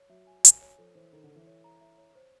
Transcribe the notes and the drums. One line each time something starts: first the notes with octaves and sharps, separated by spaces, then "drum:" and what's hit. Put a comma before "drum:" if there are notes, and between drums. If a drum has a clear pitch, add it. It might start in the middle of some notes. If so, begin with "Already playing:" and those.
Already playing: C#5
F#3 E5
G#5
G#5, drum: hi-hat
C#5
F3 A4
E3 C5
D#3 A4
D3
A4
E3
C#5
A#5
E5
C#5
C5